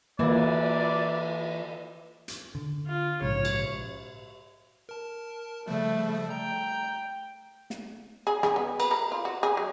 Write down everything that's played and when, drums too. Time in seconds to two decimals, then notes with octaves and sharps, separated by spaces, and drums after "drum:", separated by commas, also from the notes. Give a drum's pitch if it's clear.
0.19 E3 A#3 D5, drum: cymbal
2.28 drum: hi-hat
2.55 D3
2.87 F4
3.22 A#1 G#2 C#3 C#5
3.45 drum: cymbal
4.89 A#4 A5
5.68 C#3 F3 G3 A3
6.30 G5 A#5
7.70 drum: snare
8.27 G#4
8.43 G#4, drum: rim click
8.56 B3
8.80 B4, drum: cymbal
8.91 A#4
9.12 F4
9.25 F#4
9.43 G#4
9.57 F#3